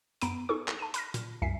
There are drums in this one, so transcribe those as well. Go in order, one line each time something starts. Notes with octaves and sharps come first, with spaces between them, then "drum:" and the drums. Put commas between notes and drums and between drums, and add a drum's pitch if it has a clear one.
F#2 B3 A#5 B5 D7, drum: hi-hat
D#4 G#4 A4 C#6
drum: clap
A5 D#7
B5 F6 A#6, drum: hi-hat
A#2, drum: hi-hat
C2 F#2 E5 G#5 B6 C7